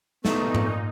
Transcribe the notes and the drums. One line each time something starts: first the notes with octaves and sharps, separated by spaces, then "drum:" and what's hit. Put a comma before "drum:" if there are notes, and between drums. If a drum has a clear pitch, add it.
A#2 A3 B3 D#4 C#6, drum: snare
drum: tom G#2